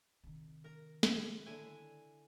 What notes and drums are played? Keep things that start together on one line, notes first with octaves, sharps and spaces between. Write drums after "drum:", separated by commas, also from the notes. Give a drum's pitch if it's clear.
C3 D#3
A#4 A#5
drum: snare
D3 E4 G#5